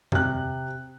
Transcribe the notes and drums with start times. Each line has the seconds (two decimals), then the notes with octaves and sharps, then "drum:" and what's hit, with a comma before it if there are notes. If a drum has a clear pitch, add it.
0.12 C3 F#6, drum: tom E2